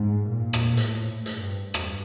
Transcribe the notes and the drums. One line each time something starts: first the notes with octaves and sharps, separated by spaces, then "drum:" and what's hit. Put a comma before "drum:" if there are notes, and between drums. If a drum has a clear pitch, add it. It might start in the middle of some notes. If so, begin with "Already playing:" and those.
Already playing: G#2
A#2
drum: rim click
A2, drum: hi-hat
G2, drum: hi-hat
G2, drum: rim click